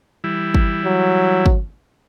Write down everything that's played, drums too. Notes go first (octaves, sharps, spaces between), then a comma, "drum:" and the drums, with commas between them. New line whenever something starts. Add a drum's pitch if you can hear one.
E3 G3 E4
drum: kick
F#3
drum: kick